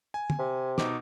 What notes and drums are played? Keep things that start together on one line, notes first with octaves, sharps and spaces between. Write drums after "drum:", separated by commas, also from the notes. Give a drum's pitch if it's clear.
G#5
drum: tom
C3
B2 D#4 D6, drum: snare